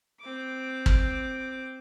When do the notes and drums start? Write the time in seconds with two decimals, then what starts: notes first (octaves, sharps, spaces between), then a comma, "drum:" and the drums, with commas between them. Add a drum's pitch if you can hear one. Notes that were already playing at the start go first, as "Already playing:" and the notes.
0.20 C4 D6
0.86 drum: kick